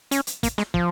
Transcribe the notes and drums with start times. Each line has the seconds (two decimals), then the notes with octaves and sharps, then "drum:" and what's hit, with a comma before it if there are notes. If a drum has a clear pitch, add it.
0.11 C#4, drum: hi-hat
0.27 drum: hi-hat
0.43 A#3, drum: kick, hi-hat
0.58 G#3, drum: snare
0.74 F3, drum: kick